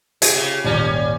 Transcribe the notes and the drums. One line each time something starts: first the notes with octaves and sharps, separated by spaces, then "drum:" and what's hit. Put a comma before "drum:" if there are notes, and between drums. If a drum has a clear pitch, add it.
F4 G4 G#4, drum: hi-hat
C#3
D#1 G#1 G3 C#4 A#5